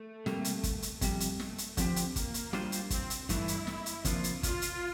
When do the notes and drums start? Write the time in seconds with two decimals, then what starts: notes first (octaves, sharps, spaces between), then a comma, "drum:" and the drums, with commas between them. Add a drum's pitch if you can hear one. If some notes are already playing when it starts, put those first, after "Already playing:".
Already playing: A3
0.26 C3 G3 A#3, drum: snare
0.45 drum: hi-hat
0.63 drum: kick, hi-hat
0.82 drum: hi-hat
1.01 F2 C3 G3, drum: kick, hi-hat
1.20 drum: hi-hat
1.40 A3, drum: snare
1.58 drum: hi-hat
1.77 D3 F3 C4 G4, drum: kick, hi-hat
1.96 drum: hi-hat
2.16 A#3, drum: kick, hi-hat
2.34 drum: hi-hat
2.53 G3 D4 F4 C5, drum: snare
2.72 drum: hi-hat
2.90 C4, drum: kick, hi-hat
3.10 drum: hi-hat
3.29 G2 E3 A3 D4 E4, drum: kick, hi-hat
3.48 drum: hi-hat
3.67 drum: snare
3.86 drum: hi-hat
4.05 C3 F3 A#3 D4 F4, drum: kick, hi-hat
4.24 drum: hi-hat
4.43 F4, drum: kick, hi-hat
4.62 drum: hi-hat